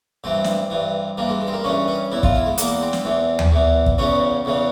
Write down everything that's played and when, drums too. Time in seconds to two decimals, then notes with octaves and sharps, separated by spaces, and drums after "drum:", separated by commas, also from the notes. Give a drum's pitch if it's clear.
0.24 G2 E3 C4
0.44 drum: snare
0.70 G2 E3
1.18 G2 E3 A#3
1.29 G#3
1.40 G#3
1.47 C4
1.53 A#3
1.64 G2 E3 C#4
1.88 C#4
2.11 E2 E3 E4
2.23 F4, drum: kick
2.35 E4
2.46 G#3
2.58 E2 E3 A#3, drum: hi-hat
2.81 C4
2.93 drum: snare
3.04 E2 E3
3.39 drum: tom
3.52 E2 E3
3.86 drum: kick
3.98 E2 C#3 E3 C#4
4.45 E2 C#3 E3